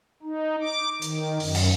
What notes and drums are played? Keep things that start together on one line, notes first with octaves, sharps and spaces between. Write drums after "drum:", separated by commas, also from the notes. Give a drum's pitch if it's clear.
D#4
D6
D#3, drum: hi-hat
F#2, drum: open hi-hat
drum: cymbal